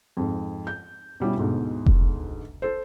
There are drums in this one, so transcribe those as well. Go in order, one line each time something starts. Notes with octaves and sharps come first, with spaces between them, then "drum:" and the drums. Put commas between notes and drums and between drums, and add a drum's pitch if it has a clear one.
F2 G#2
G6
B2 G3 C#4 E4
D2 G#2 B2
drum: kick F1
A4 C5